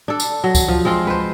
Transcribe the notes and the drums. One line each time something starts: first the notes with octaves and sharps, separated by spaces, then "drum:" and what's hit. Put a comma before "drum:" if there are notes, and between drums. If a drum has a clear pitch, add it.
D4 A4
drum: tambourine
F#3
drum: kick C#2, tambourine
F3
G#3 C4 F4
B4 C5